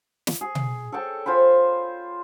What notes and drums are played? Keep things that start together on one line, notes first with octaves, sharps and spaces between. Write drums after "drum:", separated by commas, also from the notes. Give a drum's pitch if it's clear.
drum: snare
G#4
drum: tom B2
A4 C#5 G5 A5
F4 C5 G#5 B5